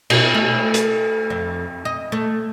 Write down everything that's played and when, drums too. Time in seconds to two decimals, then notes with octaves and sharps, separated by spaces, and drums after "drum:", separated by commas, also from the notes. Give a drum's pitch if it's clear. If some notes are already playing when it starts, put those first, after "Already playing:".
0.10 B2, drum: cymbal
0.34 A3
0.74 drum: hi-hat
1.30 F2
1.85 D#5
2.12 A3